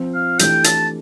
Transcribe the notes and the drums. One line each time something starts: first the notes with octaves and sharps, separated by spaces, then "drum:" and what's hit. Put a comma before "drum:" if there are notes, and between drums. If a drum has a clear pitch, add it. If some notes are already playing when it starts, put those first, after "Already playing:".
Already playing: F3 C4 F4
F5
E3 A3 D4 G4 G5, drum: hi-hat
A5, drum: hi-hat